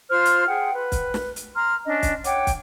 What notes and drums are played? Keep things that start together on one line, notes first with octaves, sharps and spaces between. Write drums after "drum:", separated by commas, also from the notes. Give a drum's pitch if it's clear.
F4 C5 C6 F6
drum: hi-hat
G#4 F#5 G5
B4
drum: kick, hi-hat
drum: snare
drum: hi-hat
A#5 C6 F6
C#4 D4 D#5
drum: kick, hi-hat
C#5 F#5 G5 D6, drum: hi-hat
drum: kick, hi-hat